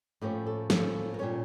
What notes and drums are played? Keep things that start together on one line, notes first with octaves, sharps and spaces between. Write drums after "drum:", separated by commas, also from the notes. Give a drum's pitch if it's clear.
A2 F3 A#3 C#4 G4
A4
A2 F3 A#3 C#4 A4, drum: snare
A#4
A#2 G3 C#4 C#5